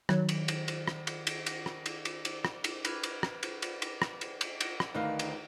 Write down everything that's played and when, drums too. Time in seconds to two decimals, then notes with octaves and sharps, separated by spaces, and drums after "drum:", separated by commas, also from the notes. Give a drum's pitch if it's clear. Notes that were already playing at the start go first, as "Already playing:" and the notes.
0.09 D#3 F#3, drum: rim click
0.29 drum: cymbal
0.48 drum: cymbal
0.68 drum: cymbal
0.88 drum: rim click
1.07 drum: cymbal
1.27 drum: cymbal
1.46 drum: cymbal
1.66 drum: rim click
1.86 drum: cymbal
2.05 drum: cymbal
2.25 drum: cymbal
2.45 drum: rim click
2.64 drum: cymbal
2.85 B4 F6 G#6, drum: cymbal
3.03 drum: cymbal
3.23 drum: rim click
3.43 drum: cymbal
3.62 drum: cymbal
3.82 drum: cymbal
4.02 drum: rim click
4.21 drum: cymbal
4.41 drum: cymbal
4.61 drum: cymbal
4.80 drum: rim click
4.95 D2 D#3 D#4 B4 F5
5.19 drum: cymbal